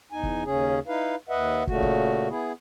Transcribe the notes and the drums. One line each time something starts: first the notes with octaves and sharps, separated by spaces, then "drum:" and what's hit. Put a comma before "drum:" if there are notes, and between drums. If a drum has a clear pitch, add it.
E2 D#4 G#5
drum: kick
D#2 C#3 C#4 G#4
D#4 E4 B4 F5
D#2 B4 D#5 E5 F#5
A#2 C#3 A3 F#4, drum: kick
drum: kick
B3 E4 G#4